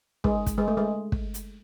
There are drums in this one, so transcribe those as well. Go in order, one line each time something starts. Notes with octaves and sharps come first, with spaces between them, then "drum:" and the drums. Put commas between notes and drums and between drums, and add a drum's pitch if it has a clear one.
G#3, drum: kick
drum: kick, hi-hat
G#3
A3
G#3
drum: kick
drum: hi-hat